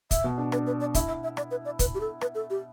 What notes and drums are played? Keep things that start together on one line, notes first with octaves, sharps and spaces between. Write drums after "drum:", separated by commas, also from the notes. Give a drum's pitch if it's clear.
E5, drum: kick, hi-hat
B2
D4
D4 B4, drum: rim click
B4
D5
E4 E5, drum: kick, hi-hat
E5
E5
D5, drum: rim click
B4
D5
B4, drum: kick, hi-hat
G4
A4
B4, drum: rim click
A4
G4